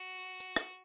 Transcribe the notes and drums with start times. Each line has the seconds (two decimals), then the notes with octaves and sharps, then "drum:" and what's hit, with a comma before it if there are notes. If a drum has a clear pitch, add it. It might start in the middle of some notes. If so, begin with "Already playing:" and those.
Already playing: F#4
0.40 drum: tambourine
0.56 drum: rim click